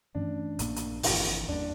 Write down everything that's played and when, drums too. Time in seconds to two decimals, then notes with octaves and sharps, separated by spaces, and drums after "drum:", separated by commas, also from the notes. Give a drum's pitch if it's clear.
0.15 G2 E3 A3 C#4 D4
0.59 A#1 A#2 F3 A#3, drum: hi-hat
0.76 drum: hi-hat
1.03 G1 F2 E3, drum: open hi-hat
1.48 E2 E3 G3 A#3 D4